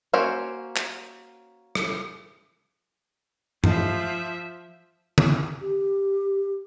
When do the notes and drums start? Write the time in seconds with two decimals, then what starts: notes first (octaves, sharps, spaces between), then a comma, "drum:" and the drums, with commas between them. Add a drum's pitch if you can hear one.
0.13 A#3 C#4 F#4 C5 C#5
0.77 drum: clap
1.75 drum: rim click
3.64 F3 E5, drum: tom G2
5.18 drum: tom D3
5.62 G4